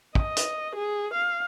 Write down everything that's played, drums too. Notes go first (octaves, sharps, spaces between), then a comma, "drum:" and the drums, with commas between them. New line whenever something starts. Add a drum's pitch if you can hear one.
D#5, drum: kick
drum: hi-hat
G#4
F5